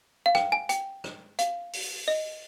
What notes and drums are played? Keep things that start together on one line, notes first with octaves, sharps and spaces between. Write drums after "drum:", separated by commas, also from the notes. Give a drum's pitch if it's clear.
F5
G5, drum: rim click
G#5
G5, drum: hi-hat
drum: rim click
F5, drum: hi-hat
drum: open hi-hat
D#5